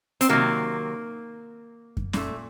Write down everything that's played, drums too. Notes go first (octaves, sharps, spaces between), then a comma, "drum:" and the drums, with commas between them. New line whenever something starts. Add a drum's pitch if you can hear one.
C4, drum: hi-hat
C3 D#3 F#3 A#3
drum: kick F#2
A#2 A3, drum: snare C#4